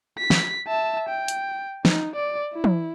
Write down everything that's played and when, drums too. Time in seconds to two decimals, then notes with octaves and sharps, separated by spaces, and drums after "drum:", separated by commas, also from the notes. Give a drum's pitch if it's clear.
0.18 B6
0.30 drum: snare
0.68 E5 A5
1.08 G5
1.28 drum: hi-hat
1.85 D#4, drum: snare
2.16 D5
2.53 E4
2.64 drum: tom